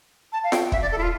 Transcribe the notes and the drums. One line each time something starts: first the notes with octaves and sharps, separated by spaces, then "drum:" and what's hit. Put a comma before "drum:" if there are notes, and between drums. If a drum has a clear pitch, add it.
A5
F5
G5, drum: snare F4
E5, drum: kick
D5
A4
E4
F4